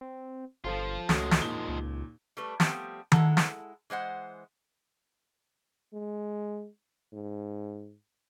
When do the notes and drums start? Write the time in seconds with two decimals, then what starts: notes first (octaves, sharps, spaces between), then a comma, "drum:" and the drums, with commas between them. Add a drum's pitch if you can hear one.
0.01 C4
0.64 G1 F3 F4 A4 C5 F5
1.09 C#2 F3 G#3 A3 C#4 F#4, drum: snare
1.31 drum: snare
1.42 D#2 A#2 A#3 G7
1.69 C#2
2.37 G3 A3 B4
2.60 F3 G3 A3 B3 C4 G4, drum: snare
3.12 G#3 E4 A4 F#5 A5 A#5, drum: tom D#3
3.37 drum: snare
3.90 E3 G#3 C5 F#5
5.94 G#3
7.13 G#2